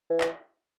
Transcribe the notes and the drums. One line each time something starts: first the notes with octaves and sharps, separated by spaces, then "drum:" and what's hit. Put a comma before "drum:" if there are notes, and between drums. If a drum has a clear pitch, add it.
E3
drum: clap